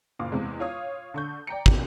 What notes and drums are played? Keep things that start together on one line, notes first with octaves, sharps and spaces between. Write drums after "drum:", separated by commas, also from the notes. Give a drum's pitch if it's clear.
F#1 A#2 F5 D6
E2 C3 G#3
F4 C#5 F5 D#6
D3 C#6 G6
D5 G5 A#5 C#7
drum: kick